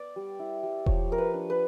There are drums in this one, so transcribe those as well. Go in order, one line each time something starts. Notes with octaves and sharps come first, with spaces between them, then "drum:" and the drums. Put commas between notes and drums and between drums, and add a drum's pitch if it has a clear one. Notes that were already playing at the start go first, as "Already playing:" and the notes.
Already playing: B3 D5
G3
E4
G3
F3 C#5, drum: kick E1
F3 A#4
B4
D4
B4